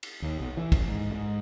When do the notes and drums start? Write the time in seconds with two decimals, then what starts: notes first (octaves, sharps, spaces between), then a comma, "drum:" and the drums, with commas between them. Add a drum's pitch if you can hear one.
0.03 drum: cymbal
0.22 D#2
0.40 B1
0.57 E3
0.72 A1, drum: kick, cymbal
0.88 G#2
1.14 G#2